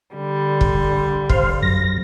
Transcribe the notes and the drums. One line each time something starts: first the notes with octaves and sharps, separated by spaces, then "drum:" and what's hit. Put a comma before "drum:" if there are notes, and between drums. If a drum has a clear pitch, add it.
D3 G3
drum: kick
C5 F5, drum: kick
F#2 A#6